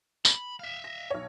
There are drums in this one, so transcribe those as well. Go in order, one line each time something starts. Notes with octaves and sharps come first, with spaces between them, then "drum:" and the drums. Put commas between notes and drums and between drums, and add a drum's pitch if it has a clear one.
B5, drum: tambourine
E5 F5
A#6
B1 C#5